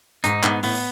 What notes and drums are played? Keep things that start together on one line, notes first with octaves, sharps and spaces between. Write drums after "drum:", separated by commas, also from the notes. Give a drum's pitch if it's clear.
G#2 D#4, drum: hi-hat
G#2 B3, drum: clap
A2 B3, drum: open hi-hat